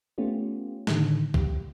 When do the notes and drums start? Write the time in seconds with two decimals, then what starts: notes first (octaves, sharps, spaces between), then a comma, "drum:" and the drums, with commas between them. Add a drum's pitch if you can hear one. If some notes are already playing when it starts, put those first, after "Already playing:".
0.18 A3 B3 C#4 F4 G4
0.87 A2 D3 D#3, drum: snare
1.34 G4, drum: kick